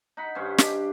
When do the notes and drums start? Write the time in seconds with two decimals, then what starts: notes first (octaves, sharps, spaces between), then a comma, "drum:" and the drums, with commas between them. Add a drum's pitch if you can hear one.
0.17 D#4 F#5 B5
0.35 G2 D#3 C#4 C5
0.58 D4 G4, drum: snare